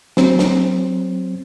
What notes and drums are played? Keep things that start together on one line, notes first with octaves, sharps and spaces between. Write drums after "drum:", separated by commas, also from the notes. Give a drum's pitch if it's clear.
F#3 C4, drum: snare
drum: snare